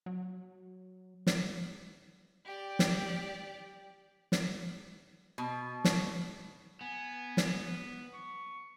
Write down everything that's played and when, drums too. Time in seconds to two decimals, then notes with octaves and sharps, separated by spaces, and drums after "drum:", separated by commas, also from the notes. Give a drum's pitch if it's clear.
0.06 F#3
1.27 drum: snare
2.46 G4 D5
2.79 drum: snare
4.32 drum: snare
5.38 B2
5.84 drum: snare
6.81 B3 G#5
7.37 drum: snare
8.13 C#6